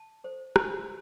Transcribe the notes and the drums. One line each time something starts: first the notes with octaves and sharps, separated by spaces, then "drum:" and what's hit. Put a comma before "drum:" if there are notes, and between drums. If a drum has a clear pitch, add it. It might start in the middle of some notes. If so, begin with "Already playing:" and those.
Already playing: A5
A4 C5
F4, drum: rim click